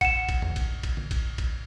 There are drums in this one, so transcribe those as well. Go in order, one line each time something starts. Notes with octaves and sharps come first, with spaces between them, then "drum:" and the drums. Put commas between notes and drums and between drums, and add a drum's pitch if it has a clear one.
F#5 C#7 E7, drum: kick A#1, cymbal
drum: kick A#1, cymbal
drum: tom
drum: kick A#1, cymbal
drum: kick A#1, cymbal
drum: tom D3
drum: kick A#1, cymbal
drum: kick A#1, cymbal